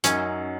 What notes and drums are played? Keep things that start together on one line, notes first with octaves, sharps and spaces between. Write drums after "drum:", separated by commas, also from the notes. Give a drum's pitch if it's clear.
F#2 F#3 C#4 D#4, drum: hi-hat